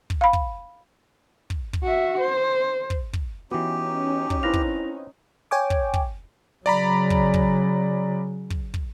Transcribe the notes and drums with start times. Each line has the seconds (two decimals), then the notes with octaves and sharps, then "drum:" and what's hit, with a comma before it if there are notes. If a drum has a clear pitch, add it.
0.10 drum: kick
0.21 F5 B5
0.33 drum: kick
1.50 drum: kick
1.73 drum: kick
1.83 F#4 E5
2.20 C5
2.90 drum: kick
3.13 drum: kick
3.51 E3 B3 C#4 D#4 F#4 G4
4.30 drum: kick
4.43 C4 E4 B4 F5 A#6 F7
4.53 drum: kick
5.51 C#5 G5 G#5 D6
5.70 drum: kick
5.94 drum: kick
6.66 C#3 F#3 D5 A#5 B5
7.10 drum: kick
7.34 drum: kick
8.50 drum: kick
8.74 drum: kick